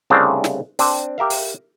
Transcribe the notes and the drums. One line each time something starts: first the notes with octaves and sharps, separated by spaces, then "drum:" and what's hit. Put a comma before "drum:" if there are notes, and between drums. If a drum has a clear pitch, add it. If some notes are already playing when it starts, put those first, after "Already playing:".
C2 C#3 A3 C4 D4 F5
drum: snare
C4 D4, drum: open hi-hat
G4 A#4 E5 F5
drum: open hi-hat